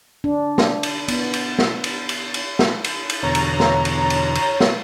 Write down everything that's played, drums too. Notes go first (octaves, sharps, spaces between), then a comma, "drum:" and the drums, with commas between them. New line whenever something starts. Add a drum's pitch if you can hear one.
D4
drum: snare
drum: cymbal
B3, drum: cymbal
drum: cymbal
drum: snare
drum: cymbal
drum: cymbal
drum: cymbal
drum: snare
drum: cymbal
drum: cymbal
E2 B2 D3 C#5 A#5
drum: cymbal
drum: snare
drum: cymbal
drum: cymbal
drum: cymbal
drum: snare